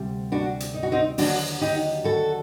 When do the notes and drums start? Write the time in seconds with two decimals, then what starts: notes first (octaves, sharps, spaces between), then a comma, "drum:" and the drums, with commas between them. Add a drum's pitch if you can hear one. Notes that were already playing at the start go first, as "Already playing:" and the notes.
Already playing: D2 C3 G3
0.32 D4 F#4
0.60 drum: hi-hat
0.74 D#4
0.83 F#4
0.92 C4 D#4
1.18 D#2 D3 F#3 D4 F#4, drum: open hi-hat
1.61 D#4 G4
2.04 F#4 A4